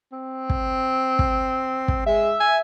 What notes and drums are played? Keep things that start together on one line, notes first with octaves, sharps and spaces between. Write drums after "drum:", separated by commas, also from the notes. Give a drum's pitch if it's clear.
C4
drum: kick
drum: kick
drum: kick
G#3 E5
G#5